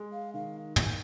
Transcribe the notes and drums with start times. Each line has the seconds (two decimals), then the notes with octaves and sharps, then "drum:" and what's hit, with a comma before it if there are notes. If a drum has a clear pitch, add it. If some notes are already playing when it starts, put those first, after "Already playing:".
Already playing: G#3
0.12 F5
0.34 D#3 F5
0.76 drum: tom